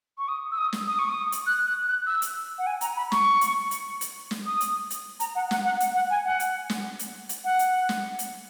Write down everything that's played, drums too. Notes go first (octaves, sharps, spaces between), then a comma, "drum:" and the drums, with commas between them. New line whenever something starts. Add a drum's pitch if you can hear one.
C#6
D#6
E6
D#6
drum: snare
D#6
C#6
D#6
drum: hi-hat
F#6
F#6
F#6
E6
drum: hi-hat
F#5
G#5
A#5, drum: hi-hat
B5
C#6, drum: snare
drum: hi-hat
drum: hi-hat
drum: hi-hat
drum: snare
D#6
drum: hi-hat
drum: hi-hat
A#5, drum: hi-hat
F#5
F#5, drum: snare
F#5
F#5, drum: hi-hat
F#5
G#5
F#5
drum: hi-hat
drum: snare
drum: hi-hat
drum: hi-hat
F#5
drum: hi-hat
drum: snare
drum: hi-hat